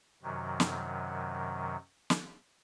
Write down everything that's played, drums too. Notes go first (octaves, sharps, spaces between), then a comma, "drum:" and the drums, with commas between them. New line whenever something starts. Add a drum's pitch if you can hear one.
F#2 C3 D#3 F#3
drum: snare
drum: snare